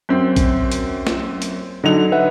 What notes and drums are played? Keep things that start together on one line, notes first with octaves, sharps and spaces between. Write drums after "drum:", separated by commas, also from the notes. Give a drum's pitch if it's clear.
F#2 C4
drum: kick, hi-hat
drum: hi-hat
drum: snare
drum: hi-hat
D3 F#3 D#4 F7
B4 E5 F#5